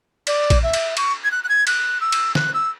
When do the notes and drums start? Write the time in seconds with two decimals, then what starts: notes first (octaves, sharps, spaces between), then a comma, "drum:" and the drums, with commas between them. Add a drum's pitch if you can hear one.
0.27 D5, drum: cymbal
0.50 drum: kick A#1, cymbal
0.62 E5
0.73 drum: cymbal
0.97 C#6, drum: cymbal
1.24 G#6
1.31 F#6
1.44 F#6
1.48 G#6
1.67 F#6, drum: cymbal
2.00 E6
2.12 drum: cymbal
2.35 F#6, drum: snare
2.54 E6